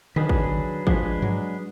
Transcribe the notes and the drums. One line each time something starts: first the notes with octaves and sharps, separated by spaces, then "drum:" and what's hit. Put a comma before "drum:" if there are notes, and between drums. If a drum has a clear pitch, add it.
D#3 F#3 D4 G#4 B4
drum: kick
drum: tom C#3
F3 G#3 D4 G#4 B4, drum: kick
F#3, drum: tom G2